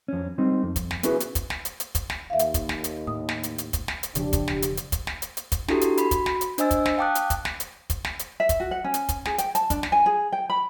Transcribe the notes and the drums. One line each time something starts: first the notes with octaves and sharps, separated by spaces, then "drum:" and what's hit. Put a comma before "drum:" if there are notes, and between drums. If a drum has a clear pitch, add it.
F2 C#4
G3 C4 D#4
F2
drum: kick, hi-hat
drum: snare
B3 C#4 E4 F#4 G#4 B4, drum: hi-hat
drum: hi-hat
drum: kick, hi-hat
drum: snare
drum: hi-hat
drum: hi-hat
drum: kick, hi-hat
drum: snare
D#2 E5 F5
drum: hi-hat
drum: kick, hi-hat
drum: snare
drum: hi-hat
A2 D#6
drum: snare
drum: hi-hat
drum: hi-hat
drum: kick, hi-hat
drum: snare
drum: hi-hat
E1 C#3 F3 D4 G4, drum: hi-hat
drum: kick, hi-hat
drum: snare
drum: hi-hat
drum: hi-hat
drum: kick, hi-hat
drum: snare
drum: hi-hat
drum: hi-hat
drum: kick, hi-hat
D4 E4 F#4 G4 A4, drum: snare
drum: hi-hat
F#4 B5, drum: hi-hat
drum: kick, hi-hat
drum: snare
drum: hi-hat
D4 C5 D#5 G#5 E6 A6, drum: hi-hat
drum: kick, hi-hat
drum: snare
F5 G5 A5 D6 D#6 F#6
drum: hi-hat
drum: kick, hi-hat
drum: snare
drum: hi-hat
drum: kick, hi-hat
drum: snare
drum: hi-hat
E5
drum: kick, hi-hat
F#4
F#5
C#4
drum: hi-hat
drum: kick, hi-hat
G#4, drum: snare
G5, drum: hi-hat
A5, drum: hi-hat
D4, drum: kick, hi-hat
drum: snare
G#5
G#4
G5
B5